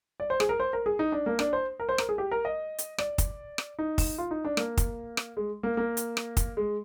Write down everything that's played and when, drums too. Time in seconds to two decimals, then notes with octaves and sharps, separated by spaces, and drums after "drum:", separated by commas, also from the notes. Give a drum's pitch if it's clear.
0.20 D5
0.30 C5
0.40 G#4, drum: rim click
0.49 A#4
0.60 C5
0.73 A#4
0.86 G#4
0.99 D#4
1.12 D4
1.26 A#3
1.39 D4, drum: rim click
1.53 C5
1.80 A#4
1.89 C5
1.98 A#4, drum: rim click
2.09 G#4
2.18 G4
2.31 A#4
2.45 D#5
2.78 drum: hi-hat
2.98 D5, drum: rim click
3.18 drum: kick, hi-hat
3.58 drum: rim click
3.79 D#4
3.98 drum: kick, open hi-hat
4.18 F4
4.31 D#4
4.45 D4
4.57 A#3, drum: rim click
4.77 drum: kick, hi-hat
5.17 drum: rim click
5.37 G#3
5.63 A#3
5.77 A#3
5.97 drum: hi-hat
6.17 drum: rim click
6.37 drum: kick, hi-hat
6.57 G#3